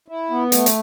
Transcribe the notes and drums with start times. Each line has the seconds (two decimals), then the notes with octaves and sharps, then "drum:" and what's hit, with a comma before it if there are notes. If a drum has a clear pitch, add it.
0.08 E4
0.31 B3
0.52 A3, drum: hi-hat
0.66 drum: hi-hat